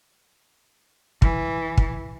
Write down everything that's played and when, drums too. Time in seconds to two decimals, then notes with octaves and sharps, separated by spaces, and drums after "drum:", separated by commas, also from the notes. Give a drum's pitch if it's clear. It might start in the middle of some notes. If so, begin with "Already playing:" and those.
1.22 E3, drum: kick
1.78 drum: kick